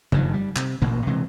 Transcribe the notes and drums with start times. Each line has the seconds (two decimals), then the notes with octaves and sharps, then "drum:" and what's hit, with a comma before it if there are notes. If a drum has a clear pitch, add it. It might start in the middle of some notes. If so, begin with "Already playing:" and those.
0.12 F#1 G2 D#3 F3, drum: tom C#3
0.34 G3
0.56 C3, drum: clap
0.82 A1 D2 A#2 A#3
1.07 C3 E3 G#3